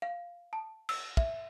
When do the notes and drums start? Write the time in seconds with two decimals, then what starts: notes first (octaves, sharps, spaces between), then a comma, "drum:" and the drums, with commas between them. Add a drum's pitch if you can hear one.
0.02 F5
0.53 A5
0.89 E6, drum: cymbal
1.17 E5, drum: kick